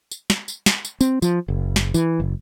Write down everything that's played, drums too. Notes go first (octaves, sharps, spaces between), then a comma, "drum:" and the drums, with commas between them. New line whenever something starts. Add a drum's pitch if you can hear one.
drum: tambourine
drum: snare
drum: tambourine
drum: snare
drum: tambourine
C4, drum: tambourine
F3, drum: tambourine
F#1
drum: snare
E3, drum: tambourine
F#1